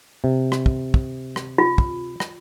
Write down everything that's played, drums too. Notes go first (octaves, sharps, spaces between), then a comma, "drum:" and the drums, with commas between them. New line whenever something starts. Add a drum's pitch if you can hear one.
C3
drum: rim click
drum: kick
drum: kick
drum: rim click
F4
drum: kick
drum: rim click